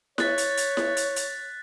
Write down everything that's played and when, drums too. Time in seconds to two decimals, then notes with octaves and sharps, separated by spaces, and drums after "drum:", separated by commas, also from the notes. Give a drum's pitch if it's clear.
0.18 C#5 F#6 A6 B6, drum: snare E4
0.38 drum: hi-hat
0.57 drum: hi-hat
0.77 drum: snare E4
0.97 drum: hi-hat
1.16 drum: hi-hat